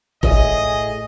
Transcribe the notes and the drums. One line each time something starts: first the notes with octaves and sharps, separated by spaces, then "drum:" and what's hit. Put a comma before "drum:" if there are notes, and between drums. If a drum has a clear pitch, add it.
A2 G#4 D#5, drum: kick F1